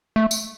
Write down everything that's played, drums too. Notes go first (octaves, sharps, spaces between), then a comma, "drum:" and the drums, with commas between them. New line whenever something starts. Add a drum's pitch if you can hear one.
A3
drum: tambourine